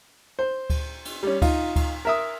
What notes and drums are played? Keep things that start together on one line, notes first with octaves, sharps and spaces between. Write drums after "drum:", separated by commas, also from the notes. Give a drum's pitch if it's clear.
C5
drum: kick D2, cymbal
drum: cymbal
G3 C#4
D#4 F4, drum: kick D2, cymbal
drum: kick D2, cymbal
A#4 E5 D#6